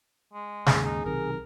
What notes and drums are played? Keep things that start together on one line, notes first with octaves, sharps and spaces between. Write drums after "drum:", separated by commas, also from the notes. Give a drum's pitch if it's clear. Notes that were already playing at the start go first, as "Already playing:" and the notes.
G#3
D#2 G#2 C#3 G#4, drum: snare
D#4
B1 C3 D#3 A#4